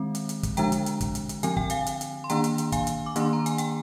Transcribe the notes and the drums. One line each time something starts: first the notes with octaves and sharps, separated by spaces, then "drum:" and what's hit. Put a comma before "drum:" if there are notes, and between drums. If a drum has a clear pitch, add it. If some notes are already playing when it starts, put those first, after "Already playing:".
Already playing: D#3 G#3 C4
drum: hi-hat
drum: hi-hat
drum: kick, hi-hat
D3 F3 G#3 D4 G5 A#5, drum: hi-hat
drum: hi-hat
drum: hi-hat
drum: kick, hi-hat
drum: hi-hat
drum: hi-hat
D3 F3 C4 G#5, drum: hi-hat
G5, drum: kick
F5 G#5, drum: hi-hat
drum: hi-hat
drum: hi-hat
C6
D#3 A#3 D4 G5 A#5, drum: hi-hat
drum: hi-hat
drum: hi-hat
F5 G#5, drum: kick, hi-hat
drum: hi-hat
D6
D#3 A#3 D4 C6, drum: hi-hat
A#5
G#5, drum: hi-hat
G5, drum: hi-hat